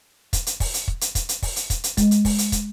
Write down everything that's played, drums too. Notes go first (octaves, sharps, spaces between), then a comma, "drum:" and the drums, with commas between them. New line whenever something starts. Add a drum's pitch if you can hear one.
drum: kick, hi-hat
drum: hi-hat
drum: kick, open hi-hat
drum: hi-hat
drum: kick
drum: hi-hat
drum: kick, hi-hat
drum: hi-hat
drum: kick, open hi-hat
drum: hi-hat
drum: kick, hi-hat
drum: hi-hat
G#3, drum: kick, hi-hat
drum: hi-hat
drum: kick, open hi-hat
drum: hi-hat
drum: kick, hi-hat